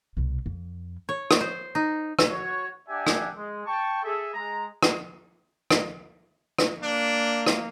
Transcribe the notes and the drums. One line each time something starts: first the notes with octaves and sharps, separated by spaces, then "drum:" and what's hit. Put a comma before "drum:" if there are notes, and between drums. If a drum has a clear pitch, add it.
C2 B2
F2
C#5
drum: rim click
C5
D#4
drum: rim click
F#4 C#5
D4 G4 D5 E5 F#5 G#5
drum: rim click
G#3
G5 A5 C#6
G#4 A4 E5
G#3 A#5
drum: rim click
drum: rim click
drum: rim click
A#3 D4
drum: rim click